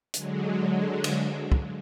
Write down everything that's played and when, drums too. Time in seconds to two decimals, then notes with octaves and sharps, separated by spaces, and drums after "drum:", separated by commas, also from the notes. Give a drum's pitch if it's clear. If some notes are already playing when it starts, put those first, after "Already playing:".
0.14 D3 F#3 G#3, drum: hi-hat
1.04 drum: cymbal
1.52 drum: kick